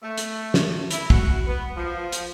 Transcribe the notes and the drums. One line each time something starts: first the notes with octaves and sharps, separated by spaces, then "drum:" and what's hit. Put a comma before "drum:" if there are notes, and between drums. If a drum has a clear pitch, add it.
A3
drum: hi-hat
drum: snare
E4, drum: hi-hat
F#4, drum: kick
B3
F3
drum: hi-hat